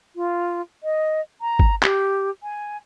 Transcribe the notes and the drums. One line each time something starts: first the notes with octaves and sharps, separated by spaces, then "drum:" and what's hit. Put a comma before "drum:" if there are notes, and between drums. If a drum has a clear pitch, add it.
F4
D#5
A#5
drum: kick G1
G4, drum: clap
G#5